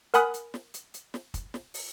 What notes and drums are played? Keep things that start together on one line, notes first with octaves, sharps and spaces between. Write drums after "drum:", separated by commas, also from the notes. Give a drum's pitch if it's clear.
A#4 F#5 G#5 B5 D#6 F#6, drum: hi-hat
drum: hi-hat
drum: snare
drum: hi-hat
drum: hi-hat
drum: snare
drum: kick, hi-hat
drum: snare
drum: open hi-hat